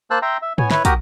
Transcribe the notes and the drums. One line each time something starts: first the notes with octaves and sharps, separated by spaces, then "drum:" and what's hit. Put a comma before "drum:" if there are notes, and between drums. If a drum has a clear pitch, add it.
A#3 C5 A5 E6 F#6
E5 G5 A#5 C6
E5
B3 C#5 G#5, drum: tom G#2
E4 B4 C#5, drum: snare
F#4 G4 A#4 A#5 D#6, drum: kick, hi-hat